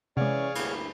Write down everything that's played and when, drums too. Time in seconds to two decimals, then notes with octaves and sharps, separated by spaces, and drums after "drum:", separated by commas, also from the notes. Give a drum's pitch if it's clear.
0.17 C3 E3 G#3 C#4 G#4 C#5 D5 F5
0.55 D2 G2 A#3 E4, drum: cymbal